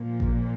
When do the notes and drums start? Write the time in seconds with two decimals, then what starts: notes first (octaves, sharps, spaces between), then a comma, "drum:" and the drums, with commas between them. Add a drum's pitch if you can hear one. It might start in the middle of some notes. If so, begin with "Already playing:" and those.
Already playing: A#2 F3 A#3
0.20 drum: kick A1